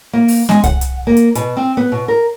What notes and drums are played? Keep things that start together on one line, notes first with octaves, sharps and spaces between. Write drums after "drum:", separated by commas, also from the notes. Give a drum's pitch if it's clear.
A#3
drum: open hi-hat
G#3, drum: snare B3
F#5, drum: kick C2, hi-hat
drum: hi-hat
A#3
drum: hi-hat
B2, drum: hi-hat
C4
B3
B2
A#4